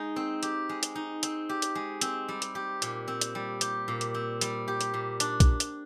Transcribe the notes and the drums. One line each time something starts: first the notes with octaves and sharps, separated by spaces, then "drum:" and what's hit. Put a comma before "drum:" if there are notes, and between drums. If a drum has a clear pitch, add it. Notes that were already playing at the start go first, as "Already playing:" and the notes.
Already playing: G#3 D#4
C4
G4, drum: hi-hat
G#3
drum: hi-hat
D#4
C4, drum: hi-hat
G4
drum: hi-hat
G#3
C4, drum: hi-hat
G3
drum: hi-hat
G4
A#2, drum: hi-hat
C4
drum: hi-hat
G3
G4, drum: hi-hat
A#2
drum: hi-hat
C4
G3, drum: hi-hat
G4
drum: hi-hat
A#2
D4, drum: hi-hat
drum: kick A#1, hi-hat
drum: hi-hat